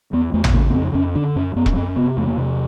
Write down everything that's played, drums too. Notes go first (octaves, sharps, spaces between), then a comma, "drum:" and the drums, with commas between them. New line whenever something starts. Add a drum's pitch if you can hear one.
E2 B3
E2 A3
drum: tom
C#3 A#3
B3
F2 C4
F2 C#4
D3 D4
F#2 C#4
F#2 B3
drum: kick E1
F#2 C4
C3 B3
E2 A3
A#3
C3